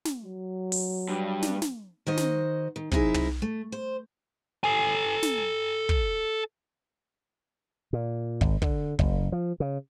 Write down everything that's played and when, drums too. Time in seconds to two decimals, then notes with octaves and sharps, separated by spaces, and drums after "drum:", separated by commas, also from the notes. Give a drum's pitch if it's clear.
0.05 drum: snare
0.23 F#3
0.72 drum: open hi-hat
1.09 G2
1.42 drum: snare
1.62 drum: snare
2.07 D#3 F#4 C5 D#5
2.17 drum: snare
2.76 D#3
2.92 C3 F#3 D#4 E4 G#4 A#4, drum: kick
3.14 drum: tom
3.42 A3
3.72 C5
4.64 A4 G#5
5.23 drum: snare
5.89 drum: kick
7.93 A#2
8.41 G#1, drum: kick
8.62 D3, drum: kick
8.99 F#1, drum: kick
9.32 F3
9.60 C#3